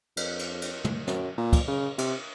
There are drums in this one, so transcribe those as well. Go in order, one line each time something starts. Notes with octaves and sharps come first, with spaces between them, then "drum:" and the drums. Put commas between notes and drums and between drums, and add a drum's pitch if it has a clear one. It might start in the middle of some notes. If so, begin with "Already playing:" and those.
F2, drum: cymbal
drum: cymbal
drum: cymbal
drum: tom
F#2, drum: snare
A#2
drum: kick, cymbal
C#3
C3, drum: cymbal